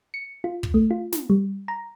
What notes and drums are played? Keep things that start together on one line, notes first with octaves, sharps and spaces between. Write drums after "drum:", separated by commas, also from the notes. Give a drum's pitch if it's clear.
C#7
F4
drum: kick
A3
F4
drum: snare
G3
A#5